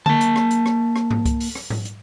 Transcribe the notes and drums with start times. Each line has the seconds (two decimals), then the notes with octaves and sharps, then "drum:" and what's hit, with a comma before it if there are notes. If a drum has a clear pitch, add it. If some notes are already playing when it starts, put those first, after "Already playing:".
0.06 A#3 A5, drum: tom D3
0.21 drum: hi-hat
0.36 drum: rim click
0.51 drum: hi-hat
0.66 drum: rim click
0.96 drum: rim click
1.11 drum: tom G#2
1.26 drum: kick C2, hi-hat
1.40 drum: open hi-hat
1.55 drum: rim click
1.70 drum: tom G#2
1.85 drum: hi-hat